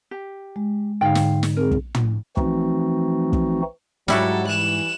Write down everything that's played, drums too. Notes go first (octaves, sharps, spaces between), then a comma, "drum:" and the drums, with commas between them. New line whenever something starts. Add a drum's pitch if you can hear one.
G4
G#3
G#2 D3 D#4 F5 G5
drum: snare
drum: snare
C4 G#4 A#4
drum: kick
drum: tom
E3 F3 A3 C4 D#4 F#4, drum: kick
drum: kick
G#2 F#3 G3 E4 F#4 A4, drum: snare
E3 F#6 E7